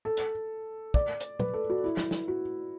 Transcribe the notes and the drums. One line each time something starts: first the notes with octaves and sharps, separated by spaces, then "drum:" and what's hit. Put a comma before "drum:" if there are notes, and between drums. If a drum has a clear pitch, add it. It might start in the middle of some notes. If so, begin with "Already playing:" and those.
A4
drum: hi-hat
D5, drum: kick
drum: hi-hat
B4, drum: tom A#2
A4
F#4
E4
drum: snare
drum: snare
F#4